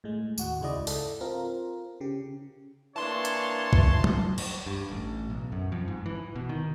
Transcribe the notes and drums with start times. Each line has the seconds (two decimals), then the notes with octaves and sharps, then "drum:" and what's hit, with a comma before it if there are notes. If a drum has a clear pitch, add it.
0.04 A2 G#3
0.38 D#2 F#4 F#5, drum: tambourine
0.61 C#2 G#2 G#3 E4 D5 D#5
0.87 A4, drum: open hi-hat
1.21 C4 F4 A#4
2.00 C#3 G4
2.96 E3 A#3 D4 C#5 A5 C6
3.25 drum: hi-hat
3.73 drum: kick
4.04 drum: tom
4.38 drum: cymbal
4.66 G2
4.92 A1
5.30 B1
5.52 F#2
5.72 F2
5.88 G#2
6.06 E3
6.35 B2
6.49 D#3